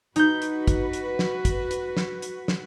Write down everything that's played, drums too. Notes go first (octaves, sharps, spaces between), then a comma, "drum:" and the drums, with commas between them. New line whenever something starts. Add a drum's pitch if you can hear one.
D#4 F#4 B4 G6, drum: hi-hat
drum: hi-hat
drum: kick, hi-hat
drum: hi-hat
drum: snare
drum: kick, hi-hat
drum: hi-hat
drum: snare
drum: hi-hat
drum: snare